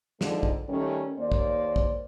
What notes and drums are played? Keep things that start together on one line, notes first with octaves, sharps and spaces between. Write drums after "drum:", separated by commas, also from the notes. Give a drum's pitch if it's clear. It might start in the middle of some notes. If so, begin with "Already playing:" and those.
D3 F3 G3 G#3 D#4, drum: snare
drum: kick
D#3 G3 A3 C#4
D#2 A#3 C5 D5
drum: kick
drum: kick